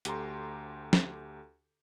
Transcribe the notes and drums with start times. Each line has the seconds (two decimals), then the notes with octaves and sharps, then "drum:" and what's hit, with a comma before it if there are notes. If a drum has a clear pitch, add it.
0.05 D2 G4 A4 A#5 C6, drum: hi-hat
0.93 drum: snare